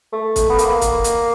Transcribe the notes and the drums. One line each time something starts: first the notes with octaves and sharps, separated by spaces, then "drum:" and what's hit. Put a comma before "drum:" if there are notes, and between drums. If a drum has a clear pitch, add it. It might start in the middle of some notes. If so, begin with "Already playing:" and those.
A3
drum: kick, hi-hat
B3
A#3, drum: hi-hat
drum: kick, hi-hat
drum: hi-hat